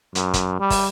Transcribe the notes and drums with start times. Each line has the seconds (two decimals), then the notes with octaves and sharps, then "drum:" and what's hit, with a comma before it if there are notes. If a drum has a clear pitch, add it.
0.15 F#2, drum: hi-hat
0.34 drum: kick, hi-hat
0.60 G3
0.70 drum: kick, open hi-hat